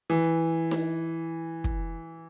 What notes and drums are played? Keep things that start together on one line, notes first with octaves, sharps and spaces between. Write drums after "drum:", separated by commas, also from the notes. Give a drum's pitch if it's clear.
E3
drum: snare D#4
drum: kick